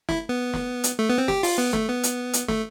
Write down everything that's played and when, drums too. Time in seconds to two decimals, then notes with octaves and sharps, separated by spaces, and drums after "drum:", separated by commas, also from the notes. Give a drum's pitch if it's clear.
0.09 E4, drum: snare
0.29 B3
0.54 drum: snare
0.84 drum: hi-hat
0.99 A3
1.09 B3
1.18 C4
1.28 G4, drum: snare
1.43 F4, drum: open hi-hat
1.58 B3
1.73 A3, drum: snare
1.89 B3
2.03 drum: hi-hat
2.33 drum: hi-hat
2.48 A3, drum: snare